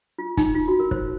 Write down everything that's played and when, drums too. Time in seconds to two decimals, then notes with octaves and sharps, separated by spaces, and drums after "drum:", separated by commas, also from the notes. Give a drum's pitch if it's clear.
0.19 F4
0.37 D#4, drum: kick, hi-hat
0.54 F4
0.68 F#4
0.80 A#4
0.91 C5, drum: kick